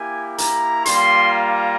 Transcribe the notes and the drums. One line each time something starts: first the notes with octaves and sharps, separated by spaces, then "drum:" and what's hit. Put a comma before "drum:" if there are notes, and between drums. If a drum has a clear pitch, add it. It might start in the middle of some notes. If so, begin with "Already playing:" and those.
Already playing: A#3 E4 G4 G#5
A#5, drum: hi-hat
G3 A#3 F4 C6, drum: hi-hat
A#5